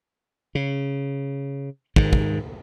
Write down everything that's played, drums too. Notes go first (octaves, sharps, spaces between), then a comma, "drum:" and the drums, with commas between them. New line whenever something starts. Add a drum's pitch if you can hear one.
C#3
G#2 D#3, drum: kick
drum: kick